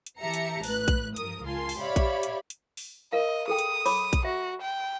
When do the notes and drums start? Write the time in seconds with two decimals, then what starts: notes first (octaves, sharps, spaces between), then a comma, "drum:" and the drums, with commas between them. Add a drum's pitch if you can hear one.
0.06 drum: hi-hat
0.20 E3 G4 E5 A5 A#5 C#7
0.34 drum: hi-hat
0.63 A1 A2 B4 F#6, drum: open hi-hat
0.88 drum: kick A#1, hi-hat
1.16 G2 F3 A#4 D#6, drum: hi-hat
1.45 C#2 F4 A#4 G#5 A5 C6
1.69 drum: open hi-hat
1.79 G4 C#5 D5 E5 F5 B5
1.96 drum: kick A#1, hi-hat
2.23 drum: hi-hat
2.50 drum: hi-hat
2.77 drum: open hi-hat
3.12 A#4 D#5 F5
3.48 G#4 A4 G5 D#6
3.59 drum: hi-hat
3.86 C#5 B5 D6, drum: open hi-hat
4.13 drum: kick A#1, hi-hat
4.25 F#4 E5
4.61 G5